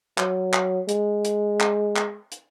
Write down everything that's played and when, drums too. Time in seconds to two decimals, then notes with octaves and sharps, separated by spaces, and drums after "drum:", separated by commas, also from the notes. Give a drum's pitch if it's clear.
0.18 F#3, drum: clap
0.53 drum: clap
0.89 G#3, drum: hi-hat
1.25 drum: hi-hat
1.60 drum: clap
1.96 drum: clap
2.32 drum: hi-hat